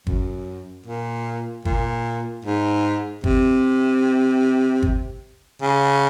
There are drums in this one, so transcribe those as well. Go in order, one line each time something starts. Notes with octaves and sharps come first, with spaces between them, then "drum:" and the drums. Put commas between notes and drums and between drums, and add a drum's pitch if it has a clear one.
F#2, drum: kick G1
A#2
A#2, drum: kick G1
G#2
C3, drum: kick G1
drum: kick G1
C#3